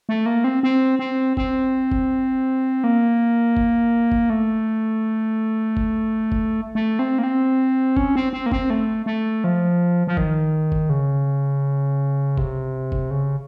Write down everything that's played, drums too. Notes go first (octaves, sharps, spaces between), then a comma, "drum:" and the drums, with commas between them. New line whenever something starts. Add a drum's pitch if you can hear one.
A3
A#3
C4
C4
C4
C4, drum: kick F#1
drum: kick F#1
A#3
drum: kick F#1
drum: kick F#1
A3
drum: kick F#1
drum: kick F#1
A3
C4
A#3
C4
C#4, drum: kick F#1
C4
C4
A#3
C4, drum: kick F#1
A3
A3
F3
F3
D#3, drum: kick F#1
drum: kick F#1
C#3
C3, drum: kick F#1
drum: kick F#1
C#3